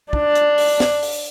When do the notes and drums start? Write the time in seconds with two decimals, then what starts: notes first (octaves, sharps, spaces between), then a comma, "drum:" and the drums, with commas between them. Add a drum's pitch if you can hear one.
0.13 D4, drum: kick
0.35 drum: hi-hat
0.58 drum: open hi-hat
0.80 drum: snare
1.03 drum: open hi-hat